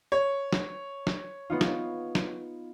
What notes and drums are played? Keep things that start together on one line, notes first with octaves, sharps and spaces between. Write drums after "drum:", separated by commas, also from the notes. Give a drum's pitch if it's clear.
C#5
drum: snare
drum: snare
B3 D#4 F4
drum: snare
drum: snare